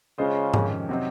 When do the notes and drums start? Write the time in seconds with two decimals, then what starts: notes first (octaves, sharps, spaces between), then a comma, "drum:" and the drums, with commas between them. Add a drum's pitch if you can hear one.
0.18 C#3 G#3 C#4 F4 C5 D#5
0.54 F2 C3 D#3 G#3 C#4, drum: tom G#2
0.89 C3 F#3 C4 D#4